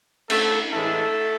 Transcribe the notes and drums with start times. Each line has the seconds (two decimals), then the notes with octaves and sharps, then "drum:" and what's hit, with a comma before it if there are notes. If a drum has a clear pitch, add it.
0.30 A3 A4, drum: cymbal
0.72 A2 E3 G#3 A3 A4